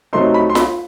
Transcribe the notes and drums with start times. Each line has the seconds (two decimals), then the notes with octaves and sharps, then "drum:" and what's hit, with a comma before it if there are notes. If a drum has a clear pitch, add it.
0.13 C3 F#3 A3 D#4 C6
0.34 B5
0.50 C6
0.55 B5, drum: snare F4